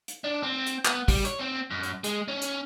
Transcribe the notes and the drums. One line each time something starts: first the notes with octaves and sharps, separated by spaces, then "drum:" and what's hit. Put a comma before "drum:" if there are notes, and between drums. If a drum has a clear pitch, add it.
drum: hi-hat
D4
C4
drum: hi-hat
B3, drum: clap
G3, drum: kick, open hi-hat
C#5, drum: hi-hat
C4
F#2
drum: hi-hat
G#3, drum: hi-hat
C#4
drum: hi-hat